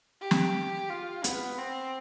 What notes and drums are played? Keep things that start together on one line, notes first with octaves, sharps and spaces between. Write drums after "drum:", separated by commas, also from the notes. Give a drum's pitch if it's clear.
G4
drum: snare
F4
B3, drum: hi-hat
C4